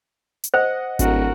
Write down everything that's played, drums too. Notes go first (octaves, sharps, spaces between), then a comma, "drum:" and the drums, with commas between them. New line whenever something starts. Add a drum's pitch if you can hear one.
drum: hi-hat
C5 D#5 F#5
D1 F#4 A#4, drum: kick G#1, hi-hat